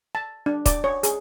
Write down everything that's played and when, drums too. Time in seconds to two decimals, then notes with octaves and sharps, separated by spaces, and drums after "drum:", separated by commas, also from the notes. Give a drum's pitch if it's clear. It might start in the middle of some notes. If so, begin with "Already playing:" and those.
0.15 A5
0.46 D4
0.66 D5, drum: kick, hi-hat
0.84 C#5
1.03 G#4, drum: hi-hat